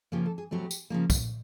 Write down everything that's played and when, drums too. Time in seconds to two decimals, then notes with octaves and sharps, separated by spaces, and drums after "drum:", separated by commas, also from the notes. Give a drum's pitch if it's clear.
0.12 C#3 F3 A#3 C#4 G4
0.26 A4
0.38 G#4
0.51 B2 F#3 A3 C4 G4
0.71 drum: tambourine
0.90 C#3 F3 A#3
1.10 drum: kick, tambourine